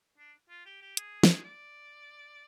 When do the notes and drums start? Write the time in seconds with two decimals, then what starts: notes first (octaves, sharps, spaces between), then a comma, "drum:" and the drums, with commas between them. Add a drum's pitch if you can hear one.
0.18 D4
0.49 F4
0.65 G4
0.81 G4
0.97 G#4, drum: hi-hat
1.23 drum: snare
1.44 D5